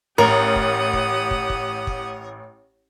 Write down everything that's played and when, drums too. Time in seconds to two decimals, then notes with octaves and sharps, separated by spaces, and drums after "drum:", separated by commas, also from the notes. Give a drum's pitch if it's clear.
0.18 A1 G4 A#4 F#5 D#6
0.56 drum: kick
0.93 drum: kick
1.31 drum: kick
1.50 drum: kick
1.87 drum: kick